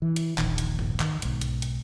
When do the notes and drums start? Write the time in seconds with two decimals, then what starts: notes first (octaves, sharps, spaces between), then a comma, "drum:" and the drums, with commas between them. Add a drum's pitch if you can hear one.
0.02 E3
0.16 drum: hi-hat
0.38 D#1 A#1 D#2 D#3, drum: clap
0.58 drum: hi-hat
0.79 drum: tom G2
1.00 D#3, drum: clap
1.22 B1 G#2, drum: hi-hat
1.41 drum: hi-hat
1.62 drum: hi-hat